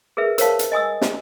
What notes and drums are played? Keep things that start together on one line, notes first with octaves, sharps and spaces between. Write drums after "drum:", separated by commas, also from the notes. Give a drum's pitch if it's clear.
G#4 A#4 B4 E5
A#4 C5 C#5 F5 A5, drum: hi-hat
drum: hi-hat
D#5 G#5 D#6 E6
drum: snare